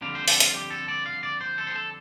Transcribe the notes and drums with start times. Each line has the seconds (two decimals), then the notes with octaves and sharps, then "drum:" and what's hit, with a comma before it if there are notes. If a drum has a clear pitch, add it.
0.02 F2 D3 G3 D4 F5
0.15 C5
0.28 A4, drum: open hi-hat
0.40 F4, drum: hi-hat
0.54 G4
0.71 A4
0.88 D5
1.06 F5
1.23 D5
1.41 C5
1.58 A4
1.67 C5
1.75 A4